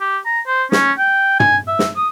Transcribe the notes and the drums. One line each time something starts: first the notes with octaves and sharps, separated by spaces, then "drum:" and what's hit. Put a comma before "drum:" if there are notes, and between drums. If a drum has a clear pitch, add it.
G4
A#5
C5
C#4, drum: snare
G5
G#5, drum: tom
E5
drum: snare
D#6